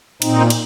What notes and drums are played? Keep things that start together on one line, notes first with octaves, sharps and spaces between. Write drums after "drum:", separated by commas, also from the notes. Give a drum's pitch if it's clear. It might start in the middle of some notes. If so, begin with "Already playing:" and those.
A#2 C4 D#4, drum: cymbal
drum: cymbal